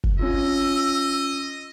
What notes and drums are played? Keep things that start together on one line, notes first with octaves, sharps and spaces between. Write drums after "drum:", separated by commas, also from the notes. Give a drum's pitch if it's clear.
drum: kick
C#4 F4 D#5 E6